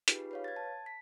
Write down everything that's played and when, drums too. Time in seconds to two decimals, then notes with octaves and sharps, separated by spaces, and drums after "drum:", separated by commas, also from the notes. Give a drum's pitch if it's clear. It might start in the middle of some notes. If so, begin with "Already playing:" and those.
0.08 D#4 F4 G4 G#4 B4, drum: hi-hat
0.31 B4 C#5 F5
0.44 G#6 A6
0.56 A5
0.86 B6